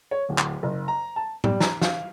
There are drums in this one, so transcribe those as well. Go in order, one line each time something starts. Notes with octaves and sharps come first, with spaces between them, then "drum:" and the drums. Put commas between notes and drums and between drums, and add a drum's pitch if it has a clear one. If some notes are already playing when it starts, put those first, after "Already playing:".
C#5
D1
drum: clap
F#1
A#5
A5
G3, drum: tom
A#5, drum: snare
F5, drum: snare